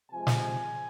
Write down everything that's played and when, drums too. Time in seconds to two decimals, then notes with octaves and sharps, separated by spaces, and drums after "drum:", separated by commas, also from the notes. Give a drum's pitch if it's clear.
0.10 C3 F3 G#3 G#5
0.27 drum: snare